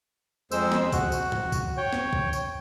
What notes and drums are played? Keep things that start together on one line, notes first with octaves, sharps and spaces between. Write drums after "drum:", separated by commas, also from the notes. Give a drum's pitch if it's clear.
F2 G#3 C5 E6, drum: tambourine
drum: snare
F#4, drum: kick, tambourine
drum: tambourine
drum: tom
drum: kick, tambourine
C#5 G5
drum: snare
drum: kick
drum: tambourine